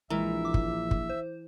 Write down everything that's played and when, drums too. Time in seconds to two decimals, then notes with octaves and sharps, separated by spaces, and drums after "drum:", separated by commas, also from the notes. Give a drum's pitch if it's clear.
0.10 A#1 E3 G#3 A#4 E5 A#5
0.45 D6
0.54 drum: kick
0.91 drum: kick
1.09 C5